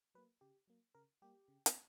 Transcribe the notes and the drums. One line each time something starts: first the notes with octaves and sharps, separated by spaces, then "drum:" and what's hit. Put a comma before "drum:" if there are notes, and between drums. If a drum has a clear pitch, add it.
F#3 A#3 B4
C#3 G4
F#3 A#3
C#3 A#4
G3 A#3 G4
C#3
drum: hi-hat